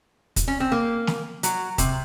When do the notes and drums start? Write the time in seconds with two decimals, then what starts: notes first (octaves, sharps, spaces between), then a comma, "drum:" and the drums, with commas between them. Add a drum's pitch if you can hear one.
0.36 drum: kick, hi-hat
0.48 C#4
0.60 C4
0.72 A#3
1.07 drum: snare
1.43 F#3, drum: hi-hat
1.78 C3, drum: kick, hi-hat